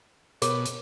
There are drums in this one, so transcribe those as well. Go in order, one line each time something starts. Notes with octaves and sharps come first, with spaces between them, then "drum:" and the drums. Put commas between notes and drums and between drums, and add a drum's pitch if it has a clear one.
B2 A#4 C#5 D6, drum: hi-hat
drum: hi-hat